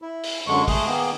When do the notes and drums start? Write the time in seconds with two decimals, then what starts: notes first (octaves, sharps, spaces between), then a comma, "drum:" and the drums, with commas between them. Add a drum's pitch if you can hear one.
0.02 E4
0.23 drum: open hi-hat
0.47 F#2 D3 G#3 C#6
0.68 G#3 A3 G#4, drum: kick, open hi-hat
0.86 D#3 A#3 B3 G#4